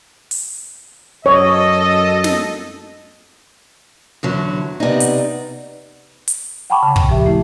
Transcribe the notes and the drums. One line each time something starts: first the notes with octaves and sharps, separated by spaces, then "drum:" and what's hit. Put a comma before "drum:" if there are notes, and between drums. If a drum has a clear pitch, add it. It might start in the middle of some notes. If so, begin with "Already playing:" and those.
drum: open hi-hat
F#2 A4 C#5 D#5
drum: snare
E2 D3 F#3
C3 B3 D#4 D5
drum: hi-hat
drum: hi-hat
F#5 G5 A5 B5 C#6 D6
C#3
A#2, drum: kick
F3 G4 E5
A3 E4